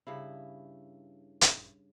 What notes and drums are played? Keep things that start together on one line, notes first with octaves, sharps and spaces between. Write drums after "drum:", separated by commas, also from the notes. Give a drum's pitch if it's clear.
G2 C#3 E4
drum: hi-hat